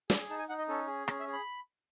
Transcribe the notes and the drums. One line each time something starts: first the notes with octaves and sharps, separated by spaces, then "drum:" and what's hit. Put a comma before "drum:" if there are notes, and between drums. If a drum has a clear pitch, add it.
G#4, drum: snare
D#4 A5
G#5
D#4 F#5
D#5
C#4 A4
G#4
C#4, drum: rim click
E5
G#4
B5